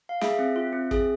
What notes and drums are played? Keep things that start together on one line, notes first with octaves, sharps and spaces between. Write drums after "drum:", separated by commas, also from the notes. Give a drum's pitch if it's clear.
F5
G#4 E5, drum: snare
C4
F4
C4
G#4, drum: kick